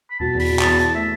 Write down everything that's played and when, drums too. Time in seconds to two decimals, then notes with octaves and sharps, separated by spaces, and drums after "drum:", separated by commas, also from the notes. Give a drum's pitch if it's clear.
0.11 B5
0.20 B2 A5, drum: tom E2
0.34 E2
0.39 B5, drum: open hi-hat
0.50 B2
0.59 A5, drum: clap
0.65 E2
0.79 E3 A5, drum: hi-hat
0.95 A3 E5